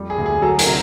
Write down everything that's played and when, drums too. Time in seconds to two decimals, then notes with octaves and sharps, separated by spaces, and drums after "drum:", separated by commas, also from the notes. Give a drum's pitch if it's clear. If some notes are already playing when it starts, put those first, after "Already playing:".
Already playing: F2 G3
0.10 G#4
0.18 D2
0.26 G#4
0.42 F#3 A4
0.59 A#4, drum: hi-hat
0.66 C3